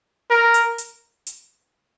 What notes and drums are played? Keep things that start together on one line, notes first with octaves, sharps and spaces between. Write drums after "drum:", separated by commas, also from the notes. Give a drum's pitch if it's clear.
A#4
drum: hi-hat
drum: hi-hat
drum: hi-hat